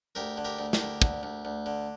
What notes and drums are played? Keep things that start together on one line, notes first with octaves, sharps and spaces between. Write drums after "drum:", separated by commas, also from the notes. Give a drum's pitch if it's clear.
D2 G4 A#4
D3
G4 A#4
D2
G4 A#4, drum: snare
D3
D2, drum: kick
D2
D2
D3